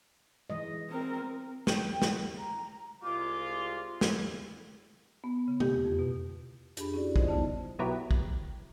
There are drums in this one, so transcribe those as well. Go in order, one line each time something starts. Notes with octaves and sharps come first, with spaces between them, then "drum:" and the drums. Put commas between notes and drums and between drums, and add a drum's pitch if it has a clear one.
E3 G#3 D#5
C4 A#4
G5, drum: snare
drum: snare
A#5
C2 G#3 F4 D6
drum: snare
B3
C#3
G4, drum: tom
E2
F2
B2
F2 D4 G4 G#4 B5, drum: hi-hat
C#4 E4 F#4 G4 D5
F4 C5 D5 D#5, drum: kick
D#2 C#3 G3 B3 D#4 A5
B2 F#3 B3 E4 G4 A#4
drum: kick